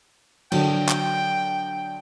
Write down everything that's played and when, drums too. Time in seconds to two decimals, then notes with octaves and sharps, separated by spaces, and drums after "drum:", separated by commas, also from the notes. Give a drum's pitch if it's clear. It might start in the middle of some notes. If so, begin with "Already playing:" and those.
0.52 D3 F#3 G5, drum: cymbal
0.89 drum: clap